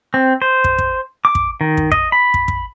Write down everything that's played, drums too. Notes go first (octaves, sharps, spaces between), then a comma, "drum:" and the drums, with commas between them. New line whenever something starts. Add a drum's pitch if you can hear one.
C4
C5
drum: kick
drum: kick
D6
drum: kick
D#3
drum: kick
D#5, drum: kick
B5
drum: kick
drum: kick